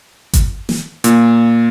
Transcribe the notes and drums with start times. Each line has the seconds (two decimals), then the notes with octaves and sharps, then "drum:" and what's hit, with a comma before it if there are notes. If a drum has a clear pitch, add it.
0.33 drum: kick G1, hi-hat
0.69 drum: snare
1.04 A#2, drum: hi-hat